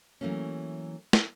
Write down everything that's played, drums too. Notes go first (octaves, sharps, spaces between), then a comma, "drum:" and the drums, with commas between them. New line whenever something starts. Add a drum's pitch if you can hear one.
E3 F#3 A3 A#3 C#4
drum: snare